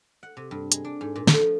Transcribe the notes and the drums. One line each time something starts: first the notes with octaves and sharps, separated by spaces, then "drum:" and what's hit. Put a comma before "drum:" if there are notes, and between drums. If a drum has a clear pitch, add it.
F#5
C3
G2
G#3, drum: hi-hat
D4
G#2
A#2
A3, drum: snare
F3